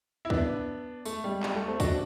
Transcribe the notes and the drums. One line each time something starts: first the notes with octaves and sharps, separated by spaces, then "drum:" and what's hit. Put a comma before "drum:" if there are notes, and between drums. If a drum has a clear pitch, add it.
E4
B3 D4, drum: kick
A3, drum: tambourine
G3
G3, drum: clap
A3
A3 C4
D4 F#4, drum: kick, tambourine